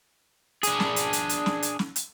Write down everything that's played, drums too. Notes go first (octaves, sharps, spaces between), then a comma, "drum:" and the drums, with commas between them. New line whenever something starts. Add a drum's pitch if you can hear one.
D4 G#4, drum: hi-hat
drum: snare
drum: hi-hat
drum: hi-hat
drum: hi-hat
drum: snare
drum: hi-hat
drum: snare
drum: hi-hat